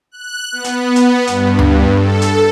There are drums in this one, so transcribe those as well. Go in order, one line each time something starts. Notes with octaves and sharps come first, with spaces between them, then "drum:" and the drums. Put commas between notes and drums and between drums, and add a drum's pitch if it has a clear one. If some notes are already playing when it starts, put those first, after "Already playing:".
F#6
B3
drum: hi-hat
drum: hi-hat
G2, drum: hi-hat
drum: tom D2
A4
drum: hi-hat